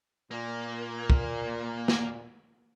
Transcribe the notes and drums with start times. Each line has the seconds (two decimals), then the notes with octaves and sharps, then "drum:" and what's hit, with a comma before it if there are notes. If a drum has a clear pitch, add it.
0.31 A#2 A#3
1.10 drum: kick
1.88 drum: snare